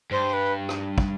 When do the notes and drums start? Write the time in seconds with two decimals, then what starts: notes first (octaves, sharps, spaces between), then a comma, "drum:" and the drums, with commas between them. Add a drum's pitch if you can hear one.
0.11 G2 C5
0.33 B4
0.69 drum: rim click
0.98 drum: kick